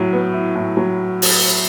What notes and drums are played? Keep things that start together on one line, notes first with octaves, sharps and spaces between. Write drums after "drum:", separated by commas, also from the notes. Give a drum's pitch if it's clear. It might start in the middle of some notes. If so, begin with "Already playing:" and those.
Already playing: A2 F#3
B3
E4
A2
F#3
drum: open hi-hat